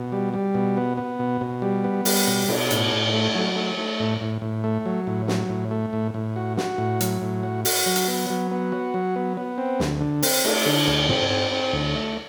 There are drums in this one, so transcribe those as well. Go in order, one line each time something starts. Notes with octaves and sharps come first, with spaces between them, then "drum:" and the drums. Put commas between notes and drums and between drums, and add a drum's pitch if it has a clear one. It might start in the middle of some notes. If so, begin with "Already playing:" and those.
Already playing: B2
G3
G3
B2
B3
B3
B2
B2
G3
B3
G3, drum: open hi-hat
B2
B2, drum: cymbal
A2, drum: hi-hat
A2
A3
F#3
A3
A3
A2
A2
A2
A3
F#3
A2
F#3, drum: snare
A2
A3
A2
A2
F#4
F#4, drum: snare
A2
F#3, drum: hi-hat
A2
F#4
F#4, drum: open hi-hat
F#3
drum: hi-hat
B3
F#3
B3
F#4
F#3
B3
B3
C4
D2, drum: snare
D3
C4, drum: open hi-hat
A3, drum: cymbal
D3
D2
C4, drum: tom
C4
C4
D2
A3